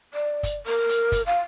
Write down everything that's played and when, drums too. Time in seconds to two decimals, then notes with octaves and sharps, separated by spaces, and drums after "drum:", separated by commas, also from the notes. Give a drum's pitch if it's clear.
0.14 D5
0.43 drum: kick, hi-hat
0.66 A#4, drum: open hi-hat
0.89 drum: hi-hat
1.12 drum: kick, hi-hat
1.26 F5